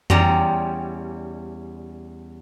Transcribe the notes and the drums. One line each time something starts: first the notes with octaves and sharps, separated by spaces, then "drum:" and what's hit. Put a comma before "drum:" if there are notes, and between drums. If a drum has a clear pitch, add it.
E2 G3 C#4 D5 A#5 C6, drum: tom F2